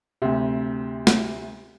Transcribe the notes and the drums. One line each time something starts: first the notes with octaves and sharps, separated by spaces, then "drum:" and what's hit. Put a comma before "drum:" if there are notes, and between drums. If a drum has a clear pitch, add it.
D2 C3
drum: snare